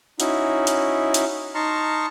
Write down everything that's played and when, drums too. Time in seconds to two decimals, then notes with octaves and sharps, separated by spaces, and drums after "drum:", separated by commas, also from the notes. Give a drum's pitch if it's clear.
0.20 C#4 D#4 E4 F#4, drum: hi-hat
0.67 drum: hi-hat
1.14 drum: hi-hat
1.55 D#4 A5 A#5 C6 C#6 F6